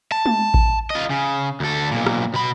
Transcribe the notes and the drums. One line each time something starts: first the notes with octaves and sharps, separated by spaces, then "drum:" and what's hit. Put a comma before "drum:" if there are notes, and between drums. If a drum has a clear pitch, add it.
A5
drum: tom G#3
drum: kick A1
F4 D#5
C#3
D2 A4
B1 A#2
drum: rim click
B2 B5